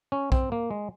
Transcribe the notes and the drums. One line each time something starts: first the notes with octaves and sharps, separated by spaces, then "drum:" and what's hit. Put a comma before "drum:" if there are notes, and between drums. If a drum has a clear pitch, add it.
C#4
C4, drum: kick
A#3
G#3